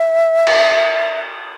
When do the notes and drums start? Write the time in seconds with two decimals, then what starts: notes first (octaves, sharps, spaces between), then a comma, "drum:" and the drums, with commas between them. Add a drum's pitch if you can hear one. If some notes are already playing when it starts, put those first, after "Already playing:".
Already playing: E5
0.47 drum: cymbal